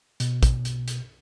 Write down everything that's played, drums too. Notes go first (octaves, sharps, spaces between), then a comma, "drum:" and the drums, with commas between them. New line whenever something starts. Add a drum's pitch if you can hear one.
B2, drum: hi-hat
drum: kick, hi-hat
drum: hi-hat
drum: hi-hat